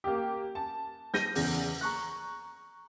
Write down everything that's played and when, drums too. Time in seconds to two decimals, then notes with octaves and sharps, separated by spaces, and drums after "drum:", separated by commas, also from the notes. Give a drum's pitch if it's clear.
0.04 A#3 G4
0.55 A5
1.14 G6 A#6 D#7, drum: snare
1.35 E2 C#3, drum: open hi-hat
1.81 A#5 C#6 F#6